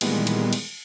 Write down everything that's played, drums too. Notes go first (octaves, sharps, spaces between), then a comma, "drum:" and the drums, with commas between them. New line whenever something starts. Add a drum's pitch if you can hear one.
A#2 D#3 E3 G3 G#3 B3, drum: cymbal
drum: cymbal
drum: cymbal